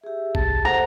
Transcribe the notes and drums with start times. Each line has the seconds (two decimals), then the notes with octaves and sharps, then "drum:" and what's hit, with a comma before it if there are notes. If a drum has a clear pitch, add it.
0.04 G4 G#4 E5
0.35 C2 A5, drum: kick G#1
0.65 A4 C5 F#5 A#5